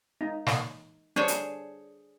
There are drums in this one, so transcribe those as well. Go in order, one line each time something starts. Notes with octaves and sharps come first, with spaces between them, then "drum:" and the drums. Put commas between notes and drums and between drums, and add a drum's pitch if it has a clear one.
D#4
drum: snare
D4 G#4 C5 C#5
drum: hi-hat